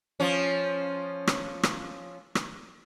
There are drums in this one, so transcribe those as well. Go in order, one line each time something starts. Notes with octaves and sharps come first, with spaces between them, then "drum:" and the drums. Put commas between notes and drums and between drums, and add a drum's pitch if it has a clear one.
F3 C#4
drum: rim click
drum: rim click
drum: rim click